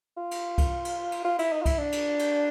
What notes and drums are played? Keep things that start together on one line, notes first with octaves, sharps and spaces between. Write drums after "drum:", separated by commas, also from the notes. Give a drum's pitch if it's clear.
F4
drum: cymbal
drum: kick C2, cymbal
drum: cymbal
drum: cymbal
F4
E4, drum: cymbal
D#4
F4
E4, drum: kick C2, cymbal
D4
drum: cymbal
drum: cymbal